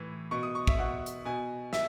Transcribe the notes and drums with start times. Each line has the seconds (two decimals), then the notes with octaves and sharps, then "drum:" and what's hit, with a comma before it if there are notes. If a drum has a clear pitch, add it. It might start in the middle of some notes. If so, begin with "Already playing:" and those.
Already playing: A2 E3
0.31 B2 C#6
0.43 D#6
0.55 C#6
0.67 E5, drum: kick
0.78 B2 F#5
1.06 drum: hi-hat
1.25 B2 G#5
1.73 E5, drum: snare